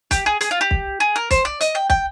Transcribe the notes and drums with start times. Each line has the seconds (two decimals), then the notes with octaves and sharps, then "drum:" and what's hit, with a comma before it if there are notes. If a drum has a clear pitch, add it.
0.11 G4, drum: kick, hi-hat
0.26 G#4
0.41 G#4, drum: hi-hat
0.51 F4
0.61 G4
0.71 drum: kick
1.00 G#4
1.16 A#4
1.31 C5, drum: kick, hi-hat
1.45 D5
1.61 D#5, drum: hi-hat
1.75 G5
1.90 G5, drum: kick